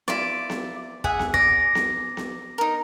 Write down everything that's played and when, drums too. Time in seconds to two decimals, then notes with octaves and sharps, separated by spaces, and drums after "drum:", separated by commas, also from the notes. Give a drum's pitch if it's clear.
0.08 E4 F4 D5, drum: snare B3
0.50 drum: snare B3
1.04 G#4 E5 F#5, drum: kick
1.19 drum: snare B3
1.34 D5 A#6, drum: kick
1.75 drum: snare B3
2.17 drum: snare B3
2.58 D#4 A#4